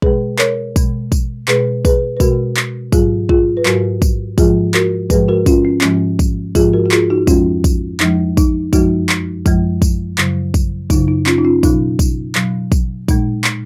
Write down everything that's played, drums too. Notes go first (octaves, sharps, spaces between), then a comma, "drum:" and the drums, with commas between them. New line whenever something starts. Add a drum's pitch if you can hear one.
B2 G#3 G#4 B4, drum: kick
A#4 C#5, drum: clap
B2 G#3, drum: kick, tambourine
drum: kick, tambourine
B2 G#3 G#4 B4, drum: clap
G#4 B4, drum: kick, tambourine
B4
B2 G#3 F#4 A#4, drum: kick, tambourine
drum: clap
G#2 F#3 F4 G#4, drum: kick, tambourine
F4 G#4, drum: kick
B4
G#2 F#3 F#4 A#4, drum: clap
drum: kick, tambourine
G#2 F3 G#3 F4 G#4, drum: kick, tambourine
F#4 A#4, drum: clap
G#2 F3 G#3 G#4 B4, drum: kick, tambourine
F#4 A#4
C#4 F4, drum: kick, tambourine
C#4
G#2 F3 G#3 C#4, drum: clap
drum: kick, tambourine
G#2 F3 G#3 F4 G#4, drum: kick, tambourine
F#4 A#4
F#4
F4 G#4, drum: clap
D#4 F#4
F2 F3 G#3 C#4 F4, drum: kick, tambourine
drum: kick, tambourine
F2 F3 G#3 D#4, drum: clap
D#4, drum: kick, tambourine
F#2 F3 G#3 D#4 F#4, drum: kick, tambourine
drum: clap
F#2 F3 G#3, drum: kick, tambourine
drum: kick, tambourine
F#2 C#3 F#3, drum: clap
drum: kick, tambourine
F#2 C#3 F#3 D#4, drum: kick, tambourine
D#4
C#4 F4, drum: clap
D#4
C#4 F4
B2 F#3 D#4, drum: kick, tambourine
drum: kick, tambourine
B2 F#3, drum: clap
drum: kick, tambourine
A#2 G#3 D#4, drum: kick, tambourine
drum: clap